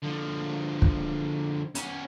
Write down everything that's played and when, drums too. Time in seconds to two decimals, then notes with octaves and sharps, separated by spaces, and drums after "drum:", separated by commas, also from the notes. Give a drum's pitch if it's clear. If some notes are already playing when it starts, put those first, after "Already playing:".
0.02 D3 F3
0.82 drum: kick
1.75 B3 C#4, drum: hi-hat